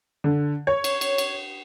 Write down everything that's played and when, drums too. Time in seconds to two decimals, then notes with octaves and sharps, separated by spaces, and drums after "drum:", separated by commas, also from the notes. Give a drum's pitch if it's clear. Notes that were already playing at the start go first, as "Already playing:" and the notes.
0.24 D3
0.67 C#5
0.84 drum: cymbal
1.01 drum: cymbal
1.18 drum: cymbal